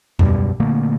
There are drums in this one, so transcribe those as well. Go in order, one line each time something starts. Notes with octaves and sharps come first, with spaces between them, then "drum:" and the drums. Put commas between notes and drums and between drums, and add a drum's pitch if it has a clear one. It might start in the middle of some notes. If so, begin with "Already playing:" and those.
C#2 F#2 B2 G3, drum: tom E2
A#2 D3 A3 A#3